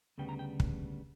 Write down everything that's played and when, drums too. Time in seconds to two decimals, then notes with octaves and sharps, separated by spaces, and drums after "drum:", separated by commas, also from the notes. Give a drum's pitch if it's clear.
0.18 D2 C#3 G3 B3 G5
0.29 A#5
0.39 G5
0.60 drum: kick